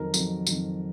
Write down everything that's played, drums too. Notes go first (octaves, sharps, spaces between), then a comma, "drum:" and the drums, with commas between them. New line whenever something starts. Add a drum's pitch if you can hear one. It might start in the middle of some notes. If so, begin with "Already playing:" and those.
Already playing: F2 D#3 F#3 A#4
F2 D#3 F#3, drum: tambourine
F2 D#3 F#3, drum: tambourine